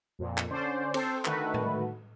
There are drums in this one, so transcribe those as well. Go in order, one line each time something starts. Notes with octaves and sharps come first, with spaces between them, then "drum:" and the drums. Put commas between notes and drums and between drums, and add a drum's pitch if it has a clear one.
F2 A#2
drum: clap
D3 C#4 C5 D5
C4 A4 C5, drum: cymbal
D3 D#3 A3 F#4 A4 B4, drum: clap
drum: tom A2